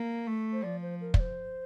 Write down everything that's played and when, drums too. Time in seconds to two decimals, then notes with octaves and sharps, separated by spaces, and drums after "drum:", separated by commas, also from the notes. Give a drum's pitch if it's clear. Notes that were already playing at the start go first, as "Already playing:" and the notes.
Already playing: A#3
0.27 A3
0.53 C5
0.63 F3 D5
0.82 C5
1.01 A#4
1.14 D5, drum: kick
1.20 C5